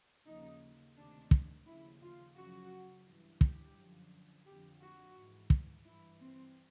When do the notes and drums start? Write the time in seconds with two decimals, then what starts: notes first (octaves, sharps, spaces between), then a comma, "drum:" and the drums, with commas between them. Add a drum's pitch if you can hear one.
0.26 D#2 C#3 F3 D#4
0.96 D2 C3 D#3 D4
1.31 drum: kick
1.66 D#2 C#3 F3 E4
2.01 F4
2.36 F#2 C#3 F3 F#4
3.06 G2 E3
3.41 G4, drum: kick
3.76 F#2 D3 F3
4.45 F2 D3 F3 G4
4.81 F#4
5.15 G#2 E3
5.50 drum: kick
5.85 G2 E3 E4
6.20 C4